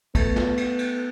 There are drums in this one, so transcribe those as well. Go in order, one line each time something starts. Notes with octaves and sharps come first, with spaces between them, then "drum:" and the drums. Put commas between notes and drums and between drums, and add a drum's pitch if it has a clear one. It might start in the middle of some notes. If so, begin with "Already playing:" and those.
A3 B3, drum: kick, cymbal
drum: snare
drum: cymbal
drum: cymbal